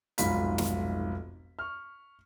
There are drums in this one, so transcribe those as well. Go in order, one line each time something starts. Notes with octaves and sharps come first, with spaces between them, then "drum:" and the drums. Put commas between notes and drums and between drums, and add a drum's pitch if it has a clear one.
F1 B1 G#2 F4 B5 B6, drum: hi-hat
drum: snare
C#6 F6